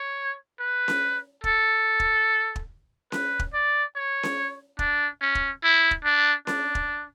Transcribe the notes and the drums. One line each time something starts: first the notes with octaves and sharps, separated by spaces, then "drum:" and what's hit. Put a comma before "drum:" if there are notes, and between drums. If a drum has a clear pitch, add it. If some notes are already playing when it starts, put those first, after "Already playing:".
Already playing: C#5
B4
drum: snare C#4
A4, drum: kick
drum: kick
drum: kick
B4, drum: snare C#4
drum: kick
D5
C#5
drum: snare C#4
D4, drum: kick
C#4
drum: kick
E4
drum: kick
D4
D4, drum: snare C#4
drum: kick